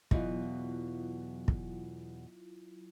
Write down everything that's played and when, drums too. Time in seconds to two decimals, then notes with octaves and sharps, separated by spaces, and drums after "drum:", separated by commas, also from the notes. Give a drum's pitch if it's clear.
0.11 E2 B2 F#3 E4 F4, drum: kick
1.48 drum: kick